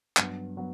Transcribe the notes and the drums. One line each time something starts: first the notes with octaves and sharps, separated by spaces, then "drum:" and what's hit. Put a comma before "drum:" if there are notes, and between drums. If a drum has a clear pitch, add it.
G2 F#3 B3, drum: clap
F#3 B3